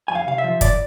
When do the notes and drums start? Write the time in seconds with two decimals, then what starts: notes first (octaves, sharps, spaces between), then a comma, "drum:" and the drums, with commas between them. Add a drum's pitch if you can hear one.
0.08 F2 G#5
0.15 F5
0.27 C3 F5
0.38 E5
0.44 F3
0.61 F2 D5, drum: kick, hi-hat